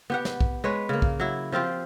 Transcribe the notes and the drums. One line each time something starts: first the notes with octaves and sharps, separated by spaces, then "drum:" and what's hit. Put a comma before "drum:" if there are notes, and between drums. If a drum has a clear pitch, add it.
B3 G4 F#5
drum: snare
drum: kick B1
G#3 B4 C#5
C#3 A#3
drum: kick B1
F#3 E4
F3 C4 F4 G4